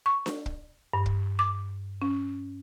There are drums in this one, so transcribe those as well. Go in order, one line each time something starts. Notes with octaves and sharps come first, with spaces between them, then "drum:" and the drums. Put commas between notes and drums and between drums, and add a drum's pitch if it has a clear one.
C#6
drum: snare D4
drum: kick
G2
drum: kick
D6
C#4